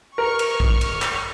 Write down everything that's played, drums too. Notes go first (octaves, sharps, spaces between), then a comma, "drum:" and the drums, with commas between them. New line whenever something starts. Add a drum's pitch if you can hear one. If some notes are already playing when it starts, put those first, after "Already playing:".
A#4 C#6 F6
drum: cymbal
drum: kick
drum: cymbal
drum: clap